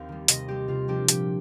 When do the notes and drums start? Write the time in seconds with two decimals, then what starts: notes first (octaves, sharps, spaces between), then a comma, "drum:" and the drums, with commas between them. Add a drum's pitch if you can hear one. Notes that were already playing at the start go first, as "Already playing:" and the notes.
Already playing: D#2 C4 F5
0.09 D#3 G3
0.28 C3 D#5, drum: hi-hat
0.48 G3 C4 G4
0.68 C3 F4
0.88 F3 A#3 D4 G4
1.08 A#2 G4, drum: hi-hat